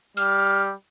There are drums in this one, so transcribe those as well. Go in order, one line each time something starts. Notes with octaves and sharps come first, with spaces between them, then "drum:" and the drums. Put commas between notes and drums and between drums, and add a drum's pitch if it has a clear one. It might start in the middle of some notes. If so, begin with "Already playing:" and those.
G3 F6, drum: tambourine